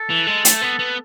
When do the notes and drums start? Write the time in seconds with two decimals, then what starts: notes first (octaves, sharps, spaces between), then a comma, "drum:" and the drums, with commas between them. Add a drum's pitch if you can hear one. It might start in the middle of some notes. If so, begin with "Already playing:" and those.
Already playing: A4
0.10 E3
0.27 G#3
0.45 A3, drum: hi-hat
0.62 B3
0.79 B3